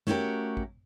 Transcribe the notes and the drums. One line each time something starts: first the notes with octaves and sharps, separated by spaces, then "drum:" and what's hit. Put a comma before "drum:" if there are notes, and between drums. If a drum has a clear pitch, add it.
A3 C#4 F#4 G4 A#4, drum: snare
drum: kick